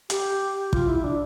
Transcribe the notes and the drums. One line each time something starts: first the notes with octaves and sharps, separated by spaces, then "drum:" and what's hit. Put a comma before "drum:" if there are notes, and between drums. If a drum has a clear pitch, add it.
G4, drum: hi-hat
F4, drum: kick
E4
D4